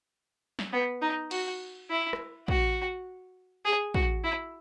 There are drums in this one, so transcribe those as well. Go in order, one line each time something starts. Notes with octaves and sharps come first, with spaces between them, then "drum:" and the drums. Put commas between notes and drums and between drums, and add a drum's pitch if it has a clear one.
drum: snare
B3
D#4
F#4, drum: cymbal
E4
drum: rim click
F#4, drum: kick
G#4
F#4, drum: kick
E4